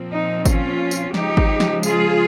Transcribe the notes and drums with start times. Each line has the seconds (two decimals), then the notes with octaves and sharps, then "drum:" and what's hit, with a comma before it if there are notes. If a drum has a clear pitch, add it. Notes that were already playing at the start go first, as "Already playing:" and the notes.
Already playing: A#2 F3 C4
0.11 D#4
0.45 C#4 F4, drum: kick G#1, tambourine
0.91 drum: tambourine
1.14 C#3 F3 G#3 D#4 G4, drum: snare
1.37 drum: kick G#1
1.60 drum: snare
1.83 F4 G#4, drum: tambourine